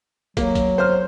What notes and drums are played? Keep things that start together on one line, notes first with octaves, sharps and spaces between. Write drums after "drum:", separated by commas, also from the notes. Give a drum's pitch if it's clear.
F#3 A#3, drum: kick, hi-hat
drum: kick, hi-hat
C5 F6